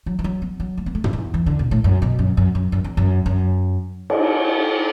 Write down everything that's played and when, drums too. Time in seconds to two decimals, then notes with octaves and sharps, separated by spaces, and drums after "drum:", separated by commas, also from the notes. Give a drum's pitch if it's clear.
0.06 F#3
0.19 E3
0.24 F#3
0.42 B3
0.60 F#3
0.77 A3
0.86 B3
0.95 A3
1.04 F#2, drum: tom
1.13 E2
1.34 E3
1.46 D3
1.59 B2
1.71 A2
1.84 F#2
2.02 B2
2.19 F#2
2.37 F#2
2.55 F#2
2.72 F#2
2.84 E2
2.97 F#2
3.26 F#2
4.10 drum: cymbal